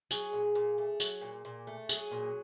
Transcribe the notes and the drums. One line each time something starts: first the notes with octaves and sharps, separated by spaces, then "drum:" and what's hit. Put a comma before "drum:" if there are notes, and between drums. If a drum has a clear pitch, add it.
F#3 G#4, drum: tambourine
A#2
A#2
A3
F#3, drum: tambourine
A#2
A#2
A3
F#3 G#4, drum: tambourine
A#2